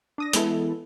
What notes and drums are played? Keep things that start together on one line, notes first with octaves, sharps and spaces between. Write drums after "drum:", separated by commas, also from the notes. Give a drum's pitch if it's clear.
D4 D#6 A#6
E3 G#3 B3 E4 A4, drum: hi-hat